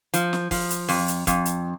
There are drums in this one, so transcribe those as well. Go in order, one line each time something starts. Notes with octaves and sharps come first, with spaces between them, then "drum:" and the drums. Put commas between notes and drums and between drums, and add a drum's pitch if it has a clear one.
F3, drum: hi-hat
drum: snare
F3, drum: kick, open hi-hat
drum: hi-hat
F2, drum: open hi-hat
drum: hi-hat
F2, drum: kick, hi-hat
drum: hi-hat